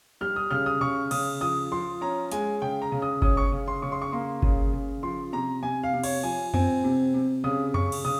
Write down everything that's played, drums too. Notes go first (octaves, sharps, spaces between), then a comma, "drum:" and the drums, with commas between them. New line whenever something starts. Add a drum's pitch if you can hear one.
G3 F6
D#6
C#3 F6
D#6
C#3 C#6
C#3 D#6, drum: cymbal
F3 D#6
F3 C6
C#4 A#5
G#3 G#5, drum: hi-hat
C#3 G5
A#5
C#3
D#6
C#4 D#6, drum: kick G1
C#6
C#3
C6
C#3 C#6
C6
C#6
A#3 C6
C#3, drum: kick G1
C#3
F3 C6
C3 A#5
C3 G#5
F5
C3
C#5, drum: cymbal
F3 G#5
C4 G#5, drum: tom F2
C3
C3
C#3 D#6
C#3 C#6, drum: tom F2
drum: cymbal
C#3 D#6